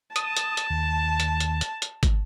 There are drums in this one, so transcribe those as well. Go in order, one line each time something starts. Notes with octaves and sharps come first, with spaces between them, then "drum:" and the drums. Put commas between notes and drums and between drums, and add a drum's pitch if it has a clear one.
A5 D#6, drum: hi-hat
drum: hi-hat
drum: hi-hat
D#2
drum: hi-hat
drum: hi-hat
drum: hi-hat
drum: hi-hat
drum: kick, hi-hat